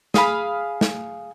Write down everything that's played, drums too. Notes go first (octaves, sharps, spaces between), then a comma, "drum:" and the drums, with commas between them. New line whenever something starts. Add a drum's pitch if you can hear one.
G#4 F5 B5, drum: snare
drum: snare